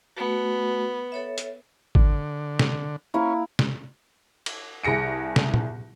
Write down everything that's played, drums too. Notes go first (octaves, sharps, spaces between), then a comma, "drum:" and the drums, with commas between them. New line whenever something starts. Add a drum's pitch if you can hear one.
A3 B3 F#4
A4 C#5 E5
drum: hi-hat
D3, drum: kick G#1
drum: snare
A#3 C#4 E4
drum: snare
drum: cymbal
C2 G#4 A#6 C#7 D7
drum: snare
drum: tom A#2